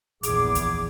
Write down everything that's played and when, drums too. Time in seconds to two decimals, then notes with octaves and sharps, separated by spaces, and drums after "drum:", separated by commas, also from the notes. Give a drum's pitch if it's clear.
0.23 A#1 E2 G#4 D6, drum: hi-hat
0.55 drum: kick, hi-hat